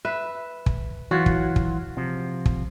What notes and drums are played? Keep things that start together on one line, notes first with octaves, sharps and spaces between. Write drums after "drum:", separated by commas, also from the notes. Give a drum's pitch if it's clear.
B4 E5
drum: kick
E3 F#3 F4 F#4
drum: kick
drum: kick
C3 F3
drum: kick